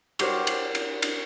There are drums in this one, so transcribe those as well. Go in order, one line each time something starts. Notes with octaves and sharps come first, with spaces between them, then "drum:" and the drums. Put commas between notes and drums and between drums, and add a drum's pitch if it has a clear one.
F#4 G4 A#4 C5 C#5, drum: cymbal
drum: cymbal
drum: cymbal
drum: cymbal